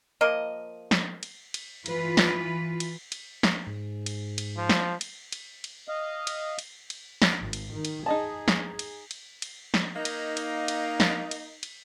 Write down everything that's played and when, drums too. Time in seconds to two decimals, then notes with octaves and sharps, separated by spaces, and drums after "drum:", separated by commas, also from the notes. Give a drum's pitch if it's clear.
0.21 F3 A#3 A#4 D#5
0.91 drum: snare
1.23 drum: cymbal
1.54 drum: cymbal
1.86 E3 F4 B4, drum: cymbal
2.17 drum: snare
2.80 drum: cymbal
3.12 drum: cymbal
3.43 drum: snare
3.67 G#2
4.06 drum: cymbal
4.38 drum: cymbal
4.57 F3
4.69 drum: snare
5.01 drum: cymbal
5.32 drum: cymbal
5.64 drum: cymbal
5.88 D#5 F5
6.27 drum: cymbal
6.59 drum: cymbal
6.90 drum: cymbal
7.22 drum: snare
7.39 G#1
7.53 drum: cymbal
7.72 D#3
7.85 drum: cymbal
8.06 D#4 G#4 D#5 A5
8.48 drum: snare
8.79 drum: cymbal
9.11 drum: cymbal
9.42 drum: cymbal
9.74 drum: snare
9.95 A#3 D#4
10.05 drum: cymbal
10.37 drum: cymbal
10.68 drum: cymbal
11.00 drum: snare
11.31 drum: cymbal
11.63 drum: cymbal